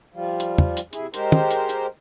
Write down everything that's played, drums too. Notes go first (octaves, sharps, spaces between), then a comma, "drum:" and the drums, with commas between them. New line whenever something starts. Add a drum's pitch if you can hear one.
F3 G3 F4
drum: hi-hat
drum: tom
drum: hi-hat
C3 E4 G#4, drum: hi-hat
G#3 G4 A#4 C5, drum: hi-hat
drum: tom
drum: hi-hat
drum: hi-hat